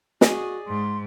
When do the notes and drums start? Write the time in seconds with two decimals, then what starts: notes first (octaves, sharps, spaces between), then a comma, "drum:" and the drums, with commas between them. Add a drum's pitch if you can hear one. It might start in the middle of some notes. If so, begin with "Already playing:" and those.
0.21 F#4 G#4 D5 D#5, drum: snare
0.67 G#2 C6